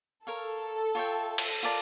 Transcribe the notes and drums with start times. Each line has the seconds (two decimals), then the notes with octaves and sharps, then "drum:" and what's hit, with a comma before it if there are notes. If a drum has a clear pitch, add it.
0.26 A4 A#4 C#5 F5
0.95 F4 C#5 E5 G5
1.38 drum: cymbal
1.63 F4 A#4 D5 A5